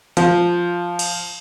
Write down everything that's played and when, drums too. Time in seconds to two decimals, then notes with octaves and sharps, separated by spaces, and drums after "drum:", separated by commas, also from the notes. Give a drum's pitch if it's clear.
0.17 F3, drum: hi-hat
0.99 drum: cymbal